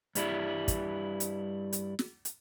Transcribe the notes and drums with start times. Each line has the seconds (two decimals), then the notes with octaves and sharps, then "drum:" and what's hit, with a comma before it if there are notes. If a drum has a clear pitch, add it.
0.15 G2 G3 E4, drum: hi-hat
0.68 drum: kick, hi-hat
1.20 drum: hi-hat
1.73 drum: hi-hat
1.99 drum: snare
2.25 drum: hi-hat